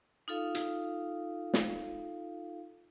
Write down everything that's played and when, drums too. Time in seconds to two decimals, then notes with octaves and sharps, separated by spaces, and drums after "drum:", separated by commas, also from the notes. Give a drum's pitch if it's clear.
0.28 D#4 F4 A4 F5
0.55 drum: hi-hat
1.54 drum: snare